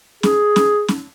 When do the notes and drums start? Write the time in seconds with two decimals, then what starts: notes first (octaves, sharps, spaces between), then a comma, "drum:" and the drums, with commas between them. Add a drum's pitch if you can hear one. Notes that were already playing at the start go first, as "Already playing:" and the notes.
0.23 G#4, drum: snare C#4
0.56 drum: snare C#4
0.88 drum: snare C#4